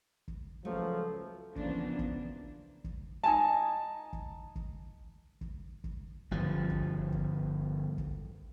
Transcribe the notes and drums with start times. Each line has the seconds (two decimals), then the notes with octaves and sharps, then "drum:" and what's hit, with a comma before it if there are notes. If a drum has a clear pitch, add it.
0.28 drum: kick
0.65 C#2 F3 F#3 A3
1.56 C#3 E3 F3 A#3 B3 D4, drum: kick
1.99 drum: kick
2.84 drum: kick
3.24 D#4 G#5 A5
4.13 drum: kick
4.55 drum: kick
5.41 drum: kick
5.84 drum: kick
6.31 G1 F3
6.69 drum: kick
7.12 drum: kick
7.98 drum: kick